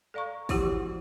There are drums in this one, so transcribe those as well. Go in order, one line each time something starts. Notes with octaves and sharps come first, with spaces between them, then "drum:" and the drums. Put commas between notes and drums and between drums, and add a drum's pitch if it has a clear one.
A4 D5 F5 A#5 C#6
E3 F3 E4 F#4 G4 F#5, drum: kick, open hi-hat